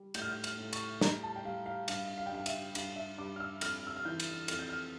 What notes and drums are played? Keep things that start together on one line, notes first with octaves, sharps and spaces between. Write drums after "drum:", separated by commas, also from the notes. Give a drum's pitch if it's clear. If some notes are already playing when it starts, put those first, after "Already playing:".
Already playing: G3
A2 G6, drum: cymbal
F6
G6
F6, drum: cymbal
A2
C#6, drum: cymbal
G3 A#5, drum: snare
A5
G5
G3 F5
F5
G2 F5, drum: cymbal
F5
G5
G2 F5
E5, drum: cymbal
G2 F5, drum: cymbal
E5
G2 D6
F6
E6
F2 F6, drum: cymbal
E6
F6
E3 G6
drum: cymbal
F2 F6, drum: cymbal
G6
F6